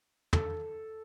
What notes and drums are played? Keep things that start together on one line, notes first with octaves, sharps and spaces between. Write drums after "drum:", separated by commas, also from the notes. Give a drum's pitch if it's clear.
A4, drum: tom